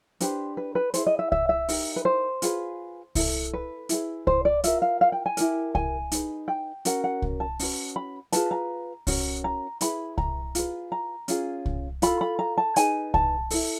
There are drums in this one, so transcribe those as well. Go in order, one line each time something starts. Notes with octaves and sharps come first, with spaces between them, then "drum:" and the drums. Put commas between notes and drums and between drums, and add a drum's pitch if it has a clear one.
D4 G4 B4 C5, drum: hi-hat
B4
B4
E4 G#4 B4 C5, drum: hi-hat
D#5
E5
E5, drum: kick C2
E5
D#4 G4 A#4, drum: open hi-hat
B4
C5
F4 G#4 B4, drum: hi-hat
E4 A4, drum: kick C2, open hi-hat
B4
E4 G#4 B4, drum: hi-hat
C5, drum: kick C2
D5
F4 A#4 E5, drum: hi-hat
F5
F5
G5
G#5
E4 G4 A#4, drum: hi-hat
G#5, drum: kick C2
D#4 G#4 B4, drum: hi-hat
G5
C#4 F#4 A#4 F#5, drum: hi-hat
F#5
drum: kick C2
A5
C#4 F#4 B4, drum: open hi-hat
B5
F4 G#4 B4 A5, drum: hi-hat
A#5
C#4 F#4 A#4, drum: kick C2, open hi-hat
A#5
E4 G#4 B4 B5, drum: hi-hat
A#5, drum: kick C2
F4 G#4 B4, drum: hi-hat
A#5
C#4 F4 G#4, drum: hi-hat
drum: kick C2
F4 A4 B5, drum: hi-hat
B5
A#5
A5
D#4 G#4 B4 G#5, drum: hi-hat
A5, drum: kick C2
E4 A4, drum: open hi-hat